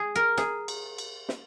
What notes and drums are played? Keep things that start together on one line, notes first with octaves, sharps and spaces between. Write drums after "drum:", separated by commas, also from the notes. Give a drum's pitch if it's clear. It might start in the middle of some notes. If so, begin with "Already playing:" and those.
Already playing: G#4
A#4
G#4, drum: snare
drum: cymbal
drum: cymbal
drum: snare